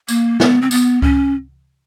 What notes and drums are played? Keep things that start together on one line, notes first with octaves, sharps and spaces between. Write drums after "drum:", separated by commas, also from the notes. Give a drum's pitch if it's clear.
A#3, drum: tambourine
B3, drum: snare
C4
B3, drum: tambourine
C#4, drum: kick C#2